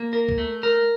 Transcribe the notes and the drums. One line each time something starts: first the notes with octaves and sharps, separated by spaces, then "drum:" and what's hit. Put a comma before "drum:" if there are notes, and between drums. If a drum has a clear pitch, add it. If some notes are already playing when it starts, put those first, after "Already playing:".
Already playing: A#3
A#4
drum: kick
A3
A#4